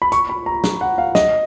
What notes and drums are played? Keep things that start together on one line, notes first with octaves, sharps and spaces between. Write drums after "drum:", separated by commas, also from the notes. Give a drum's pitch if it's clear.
B5
C#6, drum: hi-hat
B5
A#5
drum: snare
F#5
F5
D#5, drum: snare